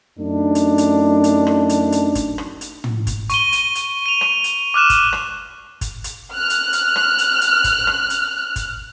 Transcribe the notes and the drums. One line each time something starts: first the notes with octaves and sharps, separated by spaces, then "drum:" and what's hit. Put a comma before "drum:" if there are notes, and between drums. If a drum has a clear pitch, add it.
F#2 A3 D4 D#4
drum: hi-hat
drum: hi-hat
drum: hi-hat
drum: rim click
drum: hi-hat
drum: hi-hat
drum: kick G1, hi-hat
drum: rim click
drum: hi-hat
drum: tom
drum: kick G1, hi-hat
C#6 D#7 G7, drum: hi-hat
drum: hi-hat
drum: hi-hat
D#7 F7
drum: rim click
drum: hi-hat
D6 F6 F#6 E7
drum: kick G1, hi-hat
drum: rim click
drum: kick G1, hi-hat
drum: hi-hat
F6 F#6
drum: hi-hat
drum: hi-hat
drum: rim click
drum: hi-hat
drum: hi-hat
drum: kick G1, hi-hat
drum: rim click
drum: hi-hat
drum: kick G1, hi-hat